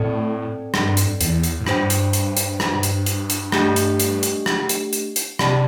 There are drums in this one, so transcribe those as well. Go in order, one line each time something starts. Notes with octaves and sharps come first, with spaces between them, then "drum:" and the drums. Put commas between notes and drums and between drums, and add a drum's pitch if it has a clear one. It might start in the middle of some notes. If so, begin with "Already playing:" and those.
Already playing: A2 C4 A4 D5 G5
G2, drum: rim click
drum: hi-hat
E2, drum: hi-hat
drum: hi-hat
A2
G2 D4 C5 G5, drum: rim click
drum: hi-hat
drum: hi-hat
drum: hi-hat
drum: rim click
drum: hi-hat
drum: hi-hat
drum: hi-hat
A3 D4 G4, drum: rim click
drum: hi-hat
drum: hi-hat
drum: hi-hat
drum: rim click
drum: hi-hat
drum: hi-hat
drum: hi-hat
C3 G4 D5 A5, drum: rim click